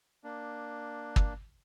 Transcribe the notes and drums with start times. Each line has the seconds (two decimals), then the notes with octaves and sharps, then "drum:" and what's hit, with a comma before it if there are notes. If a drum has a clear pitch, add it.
0.24 A#3 D4
1.16 drum: kick